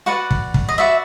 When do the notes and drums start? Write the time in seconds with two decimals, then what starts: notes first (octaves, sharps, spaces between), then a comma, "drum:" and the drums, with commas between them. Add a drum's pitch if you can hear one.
0.06 F#4 B4 D5 F#5
0.31 drum: kick
0.54 drum: kick
0.69 D#5
0.78 F#4 B4 D5 E5